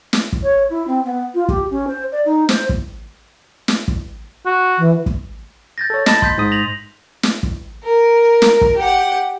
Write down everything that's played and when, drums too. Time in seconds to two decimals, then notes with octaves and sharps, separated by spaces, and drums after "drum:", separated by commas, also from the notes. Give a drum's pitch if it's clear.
0.13 drum: snare
0.33 drum: kick
0.43 C#5
0.70 E4
0.87 C4
1.05 B3
1.34 F4
1.49 G4, drum: kick
1.71 C#4
1.88 C5
2.12 D5
2.26 D#4
2.49 C5, drum: snare
2.69 drum: kick
3.68 drum: snare
3.88 drum: kick
4.46 F#4
4.79 E3
5.06 drum: kick
5.78 G6 A6 A#6
5.90 A4 C#5
6.06 D#5 A5 B5 A#6, drum: snare
6.22 C6 G6 B6, drum: kick
6.38 G#2 D#6
6.52 A#6 F7 F#7
7.23 drum: snare
7.43 drum: kick
7.84 A#4
8.42 drum: snare
8.61 drum: kick
8.77 G4 F#5